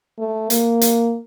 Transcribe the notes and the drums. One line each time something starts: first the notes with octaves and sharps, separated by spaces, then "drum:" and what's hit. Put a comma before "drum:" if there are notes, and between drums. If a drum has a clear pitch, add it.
A3
A#3, drum: hi-hat
drum: hi-hat